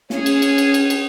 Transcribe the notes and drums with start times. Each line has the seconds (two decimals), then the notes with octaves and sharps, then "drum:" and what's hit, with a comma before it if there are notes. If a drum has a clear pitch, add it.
0.10 C#4 G#4, drum: snare
0.26 drum: cymbal
0.42 drum: cymbal
0.58 drum: cymbal
0.74 drum: cymbal
0.90 drum: cymbal